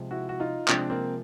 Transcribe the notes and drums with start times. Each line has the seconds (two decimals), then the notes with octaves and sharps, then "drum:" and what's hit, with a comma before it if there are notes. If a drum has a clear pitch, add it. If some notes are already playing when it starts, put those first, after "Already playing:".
Already playing: C3 F3 G#3
0.11 E4 F#4
0.29 F#4
0.40 D#4 F4
0.68 C3 F3 G#3 C4 D4, drum: clap
0.90 A#3 C4